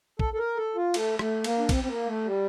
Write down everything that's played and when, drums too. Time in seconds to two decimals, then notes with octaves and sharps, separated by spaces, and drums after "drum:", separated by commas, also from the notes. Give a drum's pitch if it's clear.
0.19 A4, drum: kick
0.34 A4
0.38 A#4
0.57 A4
0.75 F4
0.94 A3, drum: cymbal
1.19 A3, drum: rim click
1.44 A#3, drum: cymbal
1.58 D4
1.69 C4, drum: kick, cymbal
1.83 C4
1.88 A#3
2.07 A3
2.25 G3